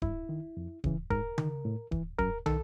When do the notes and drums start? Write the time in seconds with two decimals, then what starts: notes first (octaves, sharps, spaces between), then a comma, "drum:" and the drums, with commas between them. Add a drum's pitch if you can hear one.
0.02 G2 E4, drum: kick D1
0.29 D#3
0.57 F2
0.84 C#3 E3, drum: kick D1
1.10 G#2 A#4, drum: kick D1
1.38 D#3, drum: tom C#3
1.65 A2
1.92 E3, drum: kick D1
2.19 F#2 A#4, drum: kick D1
2.46 D#3 A4, drum: tom